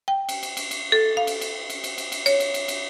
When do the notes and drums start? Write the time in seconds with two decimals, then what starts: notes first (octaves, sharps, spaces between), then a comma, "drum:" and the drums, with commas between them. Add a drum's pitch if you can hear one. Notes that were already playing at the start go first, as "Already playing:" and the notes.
0.08 G5
0.29 drum: cymbal
0.43 drum: cymbal
0.57 drum: cymbal
0.71 drum: cymbal
0.92 A4
1.17 F5
1.27 drum: cymbal
1.41 drum: cymbal
1.70 drum: cymbal
1.84 drum: cymbal
1.98 drum: cymbal
2.12 drum: cymbal
2.26 C#5, drum: cymbal
2.40 drum: cymbal
2.54 drum: cymbal
2.68 drum: cymbal